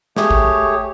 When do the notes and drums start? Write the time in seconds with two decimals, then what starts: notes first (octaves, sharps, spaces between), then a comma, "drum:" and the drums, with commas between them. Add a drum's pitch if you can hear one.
0.17 A3 G4 G#4 C#5, drum: snare
0.30 drum: kick